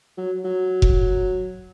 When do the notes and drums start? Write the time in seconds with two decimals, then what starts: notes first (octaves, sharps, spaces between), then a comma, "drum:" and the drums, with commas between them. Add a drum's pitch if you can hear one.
0.18 F#3
0.45 F#3
0.82 drum: kick F1